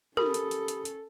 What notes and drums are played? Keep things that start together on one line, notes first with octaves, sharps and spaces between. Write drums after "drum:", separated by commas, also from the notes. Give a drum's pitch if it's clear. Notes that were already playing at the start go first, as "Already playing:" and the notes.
C#4 G4 A4 A#4 B5 D#6, drum: tom
drum: hi-hat
drum: hi-hat
drum: hi-hat
drum: hi-hat